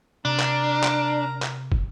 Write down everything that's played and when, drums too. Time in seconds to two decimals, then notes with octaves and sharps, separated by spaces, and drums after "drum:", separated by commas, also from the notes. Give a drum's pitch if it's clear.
0.25 C3 D4 A#4 A#5
0.40 drum: clap
0.84 drum: clap
1.42 drum: clap
1.72 drum: kick